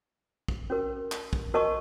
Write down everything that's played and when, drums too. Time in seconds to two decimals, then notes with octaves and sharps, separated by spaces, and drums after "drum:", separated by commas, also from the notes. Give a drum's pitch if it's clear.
0.48 drum: kick
0.70 C#4 F#4 A#4
1.12 drum: clap
1.33 drum: kick
1.54 F#4 A#4 D#5 A5 C#6